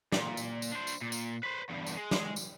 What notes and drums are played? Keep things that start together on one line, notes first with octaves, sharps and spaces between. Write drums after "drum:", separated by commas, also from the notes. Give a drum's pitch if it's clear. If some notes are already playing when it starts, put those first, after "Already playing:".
A#2, drum: snare
drum: tambourine
drum: tambourine
D4 C5
drum: tambourine
A#2
drum: tambourine
B4 C5
E2 G2
drum: tambourine
G#3
drum: snare
drum: tambourine